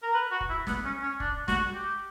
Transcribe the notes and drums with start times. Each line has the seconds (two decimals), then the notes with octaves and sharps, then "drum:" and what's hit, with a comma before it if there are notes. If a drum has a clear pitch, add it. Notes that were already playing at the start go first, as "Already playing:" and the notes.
0.03 A#4
0.14 B4
0.31 F#4
0.41 drum: kick
0.50 E4
0.67 B3, drum: snare
0.85 C#4
1.03 C#4
1.20 D4, drum: kick
1.48 F#4, drum: snare
1.74 G4